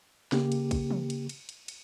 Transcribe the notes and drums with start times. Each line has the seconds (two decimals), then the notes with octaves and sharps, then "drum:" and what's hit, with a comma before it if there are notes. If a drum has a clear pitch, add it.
0.32 C#3 A#3 G4, drum: snare
0.52 drum: cymbal
0.71 drum: kick, cymbal
0.91 drum: tom
1.10 drum: cymbal
1.29 drum: cymbal
1.49 drum: cymbal
1.68 drum: cymbal